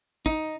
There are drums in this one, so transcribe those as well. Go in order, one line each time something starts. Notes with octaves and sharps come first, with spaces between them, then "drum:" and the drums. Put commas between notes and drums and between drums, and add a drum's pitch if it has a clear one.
D#4, drum: kick